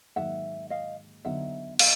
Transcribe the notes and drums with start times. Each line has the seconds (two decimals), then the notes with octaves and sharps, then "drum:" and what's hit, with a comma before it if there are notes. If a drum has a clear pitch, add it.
0.16 G#2 D#3 F#3 A#3 E5 F#5
0.70 D#5 F5
1.25 D3 F#3 B3 D#4 E5 F#5
1.79 D#5 F5, drum: cymbal